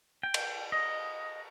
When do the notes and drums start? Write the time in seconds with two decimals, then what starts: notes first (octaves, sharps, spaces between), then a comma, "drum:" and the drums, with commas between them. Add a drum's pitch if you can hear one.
0.23 G5
0.34 drum: cymbal
0.72 D#5